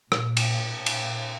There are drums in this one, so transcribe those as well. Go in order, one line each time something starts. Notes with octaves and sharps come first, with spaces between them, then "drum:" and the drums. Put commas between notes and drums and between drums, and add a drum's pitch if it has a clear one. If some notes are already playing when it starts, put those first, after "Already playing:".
A#2, drum: rim click
drum: cymbal
drum: cymbal